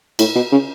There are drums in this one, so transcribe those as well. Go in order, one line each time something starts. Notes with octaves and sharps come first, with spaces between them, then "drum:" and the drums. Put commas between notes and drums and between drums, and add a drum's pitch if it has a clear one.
A2, drum: cymbal
B2
C#3